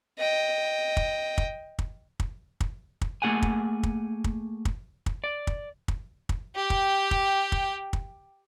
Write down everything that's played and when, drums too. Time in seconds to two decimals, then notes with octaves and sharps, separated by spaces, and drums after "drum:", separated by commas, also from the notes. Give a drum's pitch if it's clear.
0.18 D#5 G5
0.97 drum: kick
1.38 drum: kick
1.79 drum: kick
2.20 drum: kick
2.61 drum: kick
3.01 drum: kick
3.22 A3 A#3 C#4 G#4 F#5 G#5
3.42 drum: kick
3.83 drum: kick
4.24 drum: kick
4.65 drum: kick
5.06 drum: kick
5.24 D5
5.47 drum: kick
5.88 drum: kick
6.29 drum: kick
6.56 G4 G5
6.70 drum: kick
7.11 drum: kick
7.52 drum: kick
7.93 drum: kick